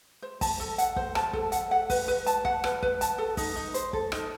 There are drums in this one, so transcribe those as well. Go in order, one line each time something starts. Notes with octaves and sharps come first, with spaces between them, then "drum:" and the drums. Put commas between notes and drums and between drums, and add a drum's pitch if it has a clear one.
C5
A5, drum: kick, open hi-hat
A4
F#5, drum: hi-hat
C5, drum: kick
A5, drum: rim click
A4, drum: kick
F#5, drum: hi-hat
F#5
B4, drum: kick, open hi-hat
B4
A5, drum: hi-hat
F#5, drum: kick
B4, drum: rim click
B4, drum: kick
A5, drum: hi-hat
A4
D#4, drum: kick, open hi-hat
D#4
C5, drum: hi-hat
A4, drum: kick
D#4, drum: rim click